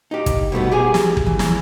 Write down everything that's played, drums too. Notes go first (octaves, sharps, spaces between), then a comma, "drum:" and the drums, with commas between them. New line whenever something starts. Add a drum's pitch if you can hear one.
D#4 G4
drum: kick, hi-hat
B2 G3 A3 B3
G4 G#4 G#5
drum: snare
drum: kick
E3
drum: snare